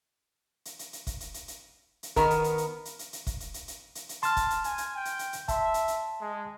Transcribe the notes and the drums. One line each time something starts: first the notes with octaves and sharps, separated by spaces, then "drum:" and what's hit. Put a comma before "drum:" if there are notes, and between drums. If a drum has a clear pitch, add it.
drum: hi-hat
drum: hi-hat
drum: hi-hat
drum: kick, hi-hat
drum: hi-hat
drum: hi-hat
drum: hi-hat
drum: hi-hat
D#3 B3 A#4, drum: kick, hi-hat
drum: hi-hat
drum: hi-hat
drum: hi-hat
drum: hi-hat
drum: hi-hat
drum: hi-hat
drum: kick, hi-hat
drum: hi-hat
drum: hi-hat
drum: hi-hat
drum: hi-hat
drum: hi-hat
A5 C6 F6, drum: hi-hat
drum: kick, hi-hat
drum: hi-hat
G#5, drum: hi-hat
drum: hi-hat
G5
drum: hi-hat
drum: hi-hat
drum: hi-hat
E5 A5 C6, drum: kick, hi-hat
drum: hi-hat
drum: hi-hat
G#3